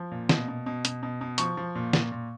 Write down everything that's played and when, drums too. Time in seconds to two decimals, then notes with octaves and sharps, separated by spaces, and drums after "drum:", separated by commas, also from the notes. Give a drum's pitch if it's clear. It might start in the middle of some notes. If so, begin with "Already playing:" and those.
Already playing: F3
0.12 A#2
0.29 B2, drum: snare
0.48 B2
0.66 B2
0.85 B2, drum: hi-hat
1.03 B2
1.21 B2
1.38 F3 C#6, drum: hi-hat
1.57 F3
1.75 A#2
1.93 A#2, drum: snare
2.12 A#2